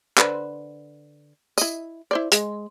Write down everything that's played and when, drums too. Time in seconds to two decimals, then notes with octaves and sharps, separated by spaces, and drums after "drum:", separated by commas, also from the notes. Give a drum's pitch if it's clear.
0.18 D3 B4 C5, drum: clap
1.58 E4 D#5, drum: tambourine
2.11 E4 C5 D5
2.32 G#3, drum: hi-hat